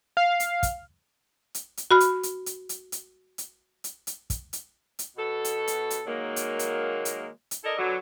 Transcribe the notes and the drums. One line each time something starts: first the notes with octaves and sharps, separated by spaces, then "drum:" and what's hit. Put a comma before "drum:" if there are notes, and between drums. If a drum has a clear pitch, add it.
F5
drum: hi-hat
drum: kick, hi-hat
drum: hi-hat
drum: hi-hat
F#4 B5 F6
drum: hi-hat
drum: hi-hat
drum: hi-hat
drum: hi-hat
drum: hi-hat
drum: hi-hat
drum: hi-hat
drum: hi-hat
drum: kick, hi-hat
drum: hi-hat
drum: hi-hat
B2 A4
drum: hi-hat
drum: hi-hat
drum: hi-hat
D#3 F#3 G#3 A#3
drum: hi-hat
drum: hi-hat
drum: hi-hat
drum: hi-hat
E4 A4 A#4 D5 D#5
B2 D3 F#3